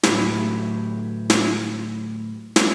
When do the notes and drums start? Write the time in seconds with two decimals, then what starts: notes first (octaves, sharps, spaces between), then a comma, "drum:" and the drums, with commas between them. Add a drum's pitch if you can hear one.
0.03 D2 A2 F#3 G4 B4, drum: snare
1.30 drum: snare
2.56 drum: snare